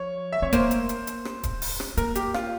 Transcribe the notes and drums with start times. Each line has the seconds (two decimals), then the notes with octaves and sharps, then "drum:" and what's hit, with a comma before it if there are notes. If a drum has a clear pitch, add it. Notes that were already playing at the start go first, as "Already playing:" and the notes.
Already playing: F3 C#5
0.32 E5
0.42 C4 C#5
0.53 A#3 C5, drum: kick, hi-hat
0.71 drum: hi-hat
0.89 drum: hi-hat
1.07 drum: hi-hat
1.25 drum: rim click
1.43 drum: kick, hi-hat
1.62 drum: open hi-hat
1.80 drum: rim click
1.97 A#3 A#4, drum: hi-hat
2.15 G4, drum: hi-hat
2.34 F4, drum: rim click